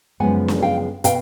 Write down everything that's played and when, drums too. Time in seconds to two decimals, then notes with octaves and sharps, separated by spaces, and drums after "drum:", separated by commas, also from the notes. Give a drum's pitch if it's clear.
0.20 F#2 C#3 F3 G#3 B3 F#5 G#5
0.48 drum: snare
0.62 F5 G5
1.04 B2 F5 G5, drum: hi-hat